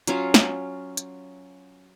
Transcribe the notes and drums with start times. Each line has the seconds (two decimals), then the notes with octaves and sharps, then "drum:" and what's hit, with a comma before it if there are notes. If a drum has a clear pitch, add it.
0.07 F#3 C#4 F4, drum: hi-hat
0.34 drum: snare
0.97 drum: hi-hat